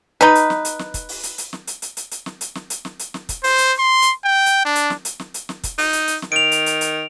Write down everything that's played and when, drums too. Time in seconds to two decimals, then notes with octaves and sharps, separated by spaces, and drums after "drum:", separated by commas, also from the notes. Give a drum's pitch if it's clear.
0.21 D#4 B4, drum: snare
0.35 drum: hi-hat
0.50 drum: snare
0.65 drum: hi-hat
0.79 drum: snare
0.94 drum: kick, hi-hat
1.09 drum: open hi-hat
1.23 drum: hi-hat
1.38 drum: hi-hat
1.53 drum: snare
1.67 drum: hi-hat
1.82 drum: hi-hat
1.97 drum: hi-hat
2.11 drum: hi-hat
2.26 drum: snare
2.41 drum: hi-hat
2.55 drum: snare
2.70 drum: hi-hat
2.85 drum: snare
2.99 drum: hi-hat
3.14 drum: snare
3.29 drum: kick, hi-hat
3.44 C5, drum: open hi-hat
3.58 drum: hi-hat
3.79 C6
4.02 drum: hi-hat
4.24 G5
4.46 drum: hi-hat
4.65 D4
4.75 drum: hi-hat
4.90 drum: snare
5.05 drum: hi-hat
5.20 drum: snare
5.34 drum: hi-hat
5.49 drum: snare
5.64 drum: kick, hi-hat
5.78 D#4, drum: open hi-hat
5.93 drum: hi-hat
6.08 drum: hi-hat
6.22 drum: snare
6.32 D#3 D7 F7
6.52 drum: hi-hat
6.66 drum: hi-hat
6.81 drum: hi-hat